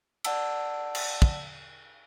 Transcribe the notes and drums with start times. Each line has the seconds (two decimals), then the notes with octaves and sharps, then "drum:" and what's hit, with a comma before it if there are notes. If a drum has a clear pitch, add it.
0.24 D5 F#5 A5 E6, drum: cymbal
0.95 drum: cymbal
1.22 drum: kick